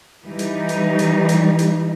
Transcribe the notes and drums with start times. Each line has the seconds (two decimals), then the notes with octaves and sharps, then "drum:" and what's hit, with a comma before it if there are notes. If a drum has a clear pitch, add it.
0.24 E3 G3 D#4
0.39 drum: hi-hat
0.69 drum: hi-hat
0.99 drum: hi-hat
1.29 drum: hi-hat
1.59 drum: hi-hat